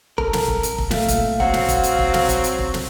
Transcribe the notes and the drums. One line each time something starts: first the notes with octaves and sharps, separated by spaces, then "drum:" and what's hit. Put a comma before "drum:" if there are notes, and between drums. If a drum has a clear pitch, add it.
A4 A#4, drum: kick
drum: snare
drum: kick
drum: hi-hat
drum: kick
A#2 A3 F5, drum: snare
drum: kick, hi-hat
F#3 C4 F#5, drum: kick
drum: snare
drum: kick, hi-hat
drum: hi-hat
drum: kick
drum: snare
drum: kick, hi-hat
drum: hi-hat
drum: kick
drum: snare